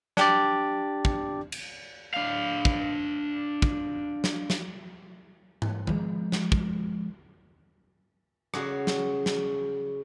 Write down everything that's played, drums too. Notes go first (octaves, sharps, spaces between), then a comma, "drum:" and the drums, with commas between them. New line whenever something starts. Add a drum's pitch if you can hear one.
D4 G4 D5, drum: snare
drum: kick
drum: cymbal
D4 F5
drum: kick
drum: kick
drum: snare
drum: snare
drum: tom G#2
F3 G#3, drum: tom D#3
drum: snare
drum: kick
C#3 F#4 G#4, drum: rim click
drum: snare
drum: snare